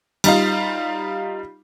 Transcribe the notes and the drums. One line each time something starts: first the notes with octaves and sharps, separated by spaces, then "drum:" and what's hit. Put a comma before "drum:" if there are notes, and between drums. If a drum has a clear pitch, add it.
G3 D#4 F4, drum: cymbal